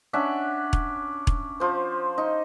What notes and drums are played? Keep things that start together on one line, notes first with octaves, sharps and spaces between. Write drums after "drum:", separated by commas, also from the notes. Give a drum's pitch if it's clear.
C#4 D4 E5 F#5
drum: kick E1
drum: kick E1
F3 C5
D#4